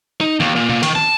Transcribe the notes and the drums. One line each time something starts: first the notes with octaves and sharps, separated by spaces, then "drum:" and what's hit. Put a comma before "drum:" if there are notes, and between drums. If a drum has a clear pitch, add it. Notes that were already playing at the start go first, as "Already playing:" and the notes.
D#4
D#2, drum: snare
A#2
A#2, drum: tom B2
D#3, drum: cymbal
A5, drum: snare